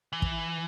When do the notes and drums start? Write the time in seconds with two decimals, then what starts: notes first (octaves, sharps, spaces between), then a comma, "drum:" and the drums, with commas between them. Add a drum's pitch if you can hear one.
0.13 E3
0.22 drum: kick